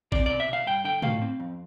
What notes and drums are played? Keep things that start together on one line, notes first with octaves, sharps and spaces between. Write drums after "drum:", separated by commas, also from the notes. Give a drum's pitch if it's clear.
C4 D5, drum: kick
B2 D5
E5
B2 F5
G2 G5
D3 G5
A3 F5, drum: tom
C4
F2